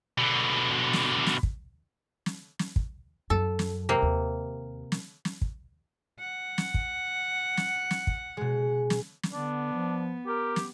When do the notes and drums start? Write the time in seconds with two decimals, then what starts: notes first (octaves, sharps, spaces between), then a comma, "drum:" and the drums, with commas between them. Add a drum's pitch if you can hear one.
0.18 B2 D3
0.93 drum: snare
1.26 drum: snare
1.43 drum: kick
2.26 drum: snare
2.59 drum: snare
2.76 drum: kick
3.30 F#2 A4
3.59 drum: snare
3.89 C3 A#3
4.02 D#2
4.92 drum: snare
5.25 drum: snare
5.42 drum: kick
6.20 F#5
6.58 drum: snare
6.74 drum: kick
7.57 drum: snare
7.91 drum: snare
8.07 drum: kick
8.37 B2 G#3
8.90 drum: snare
9.23 drum: snare
9.33 D3 B3 D4
9.73 F3
10.26 G4 A#4
10.56 drum: snare